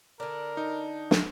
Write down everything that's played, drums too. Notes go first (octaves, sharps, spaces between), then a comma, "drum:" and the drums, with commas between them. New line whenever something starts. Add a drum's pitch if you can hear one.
D3 D4 A#4
D#4
drum: snare